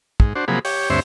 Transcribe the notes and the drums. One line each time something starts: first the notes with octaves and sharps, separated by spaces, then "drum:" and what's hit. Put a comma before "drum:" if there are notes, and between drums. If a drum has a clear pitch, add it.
G#2, drum: kick
D4 F#4 C5
C3 F3 F#3 A#3 G#4 B5
G4 C#5, drum: open hi-hat
D2 G2 C4 C5 C#5 E5